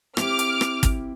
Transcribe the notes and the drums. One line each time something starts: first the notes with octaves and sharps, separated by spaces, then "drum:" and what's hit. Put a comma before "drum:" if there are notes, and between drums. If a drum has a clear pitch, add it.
C4 E4 G4 D6 F6, drum: rim click
drum: hi-hat
drum: rim click
drum: kick, hi-hat